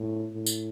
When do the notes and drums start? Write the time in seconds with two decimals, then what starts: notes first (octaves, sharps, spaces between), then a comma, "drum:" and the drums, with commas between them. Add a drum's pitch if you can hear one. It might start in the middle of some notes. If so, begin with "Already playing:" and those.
Already playing: A2
0.33 A2
0.47 drum: tambourine